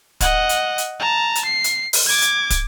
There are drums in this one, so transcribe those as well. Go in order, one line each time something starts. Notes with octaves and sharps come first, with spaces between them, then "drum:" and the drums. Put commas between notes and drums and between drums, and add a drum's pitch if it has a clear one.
D#5 F#5, drum: kick, hi-hat
drum: hi-hat
drum: hi-hat
A5 A#5
drum: hi-hat
C7
drum: hi-hat
drum: open hi-hat
D6 G#6
drum: hi-hat
drum: kick, hi-hat